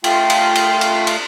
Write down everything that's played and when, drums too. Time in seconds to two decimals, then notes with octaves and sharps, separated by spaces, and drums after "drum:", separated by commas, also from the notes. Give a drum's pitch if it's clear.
0.04 A3 F4 F5 G5, drum: cymbal
0.30 drum: cymbal
0.55 drum: cymbal
0.81 drum: cymbal
1.07 drum: cymbal